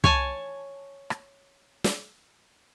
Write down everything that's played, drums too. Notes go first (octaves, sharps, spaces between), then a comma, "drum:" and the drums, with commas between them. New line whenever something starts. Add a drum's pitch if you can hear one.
C#5 G#5 A5, drum: kick
drum: rim click
drum: snare